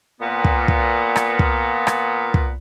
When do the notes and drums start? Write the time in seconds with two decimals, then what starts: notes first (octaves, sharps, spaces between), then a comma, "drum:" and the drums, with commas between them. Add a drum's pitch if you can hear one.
0.21 A#2 B3
0.45 drum: kick
0.68 drum: kick
1.16 drum: rim click
1.39 drum: kick
1.87 drum: rim click
2.34 drum: kick